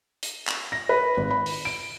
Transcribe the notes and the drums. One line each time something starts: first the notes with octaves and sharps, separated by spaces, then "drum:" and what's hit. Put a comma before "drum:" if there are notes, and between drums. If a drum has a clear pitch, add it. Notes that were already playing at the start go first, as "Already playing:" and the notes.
drum: hi-hat
drum: clap
A#6
B4
G#1
B5
drum: open hi-hat
D7